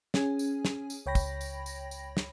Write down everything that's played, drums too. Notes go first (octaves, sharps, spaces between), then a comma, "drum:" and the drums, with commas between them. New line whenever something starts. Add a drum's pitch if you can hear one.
C#4 G#4 G#5, drum: snare
drum: tambourine
drum: snare
drum: tambourine
C#2 C#5 G5 B5 A#6
drum: kick, tambourine
drum: tambourine
drum: tambourine
drum: tambourine
drum: snare